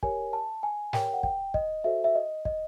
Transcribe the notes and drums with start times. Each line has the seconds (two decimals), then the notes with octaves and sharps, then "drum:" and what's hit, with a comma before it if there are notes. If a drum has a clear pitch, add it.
0.03 G4 A#4 C#5 G#5, drum: kick
0.33 A5
0.63 G#5
0.93 G4 A#4 C#5 G5, drum: snare
1.14 F#5
1.23 G5, drum: kick
1.54 D#5, drum: kick
1.84 F#4 A4 C5 E5
2.04 E5
2.15 D#5
2.45 D#5, drum: kick